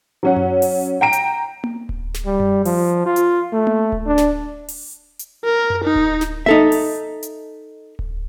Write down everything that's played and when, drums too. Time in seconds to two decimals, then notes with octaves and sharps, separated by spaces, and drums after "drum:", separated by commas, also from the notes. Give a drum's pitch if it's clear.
0.23 F#3 C#4 F#5
0.37 drum: tom F#2
0.62 drum: open hi-hat
1.01 G5 A#5 D7
1.13 drum: hi-hat
1.64 drum: tom A#3
1.89 drum: kick D1
2.14 drum: snare
2.26 G3
2.40 drum: tom F#2
2.65 F3, drum: open hi-hat
3.06 F4
3.16 drum: hi-hat
3.53 A3
3.67 drum: tom A#3
3.92 drum: kick D1
4.06 D4
4.18 drum: snare
4.68 drum: open hi-hat
5.19 drum: hi-hat
5.44 A#4
5.70 drum: tom F#2
5.84 D#4
5.96 drum: kick D1
6.21 drum: snare
6.46 D#4 A4 E5, drum: tom A#3
6.72 drum: open hi-hat
7.23 drum: hi-hat
7.99 drum: kick D1